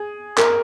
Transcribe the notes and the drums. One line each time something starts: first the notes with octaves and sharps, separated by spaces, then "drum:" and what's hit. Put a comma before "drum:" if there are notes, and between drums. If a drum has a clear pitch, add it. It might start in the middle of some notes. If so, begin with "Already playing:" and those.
Already playing: G#4
A#4, drum: clap